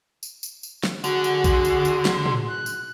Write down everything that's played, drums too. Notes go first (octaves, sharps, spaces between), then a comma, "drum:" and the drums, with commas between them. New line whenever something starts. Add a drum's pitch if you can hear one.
drum: tambourine
drum: tambourine
drum: tambourine
drum: snare
D3 F#4 G#4, drum: tambourine
drum: tambourine
drum: kick A#1, tambourine
drum: tambourine
drum: tambourine
drum: snare
drum: tom
F#6
drum: tambourine